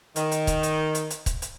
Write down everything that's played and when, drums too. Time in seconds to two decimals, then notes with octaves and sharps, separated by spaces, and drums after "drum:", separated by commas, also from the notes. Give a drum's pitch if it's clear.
0.16 D#3, drum: hi-hat
0.31 drum: hi-hat
0.47 drum: kick, hi-hat
0.63 drum: hi-hat
0.95 drum: hi-hat
1.10 drum: hi-hat
1.26 drum: kick, hi-hat
1.42 drum: hi-hat